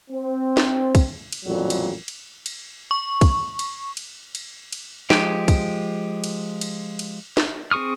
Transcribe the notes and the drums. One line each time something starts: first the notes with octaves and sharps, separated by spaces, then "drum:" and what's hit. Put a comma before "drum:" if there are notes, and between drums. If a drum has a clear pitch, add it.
C4
drum: snare
drum: kick, cymbal
drum: cymbal
A1 F2 A#2 F#3 G3
drum: cymbal
drum: cymbal
drum: cymbal
C#6
drum: kick, cymbal
drum: cymbal
drum: cymbal
drum: cymbal
drum: cymbal
F3 G#3 G4, drum: snare
drum: kick, cymbal
drum: cymbal
drum: cymbal
drum: cymbal
drum: snare
C4 G#4 C#6 D#6 F6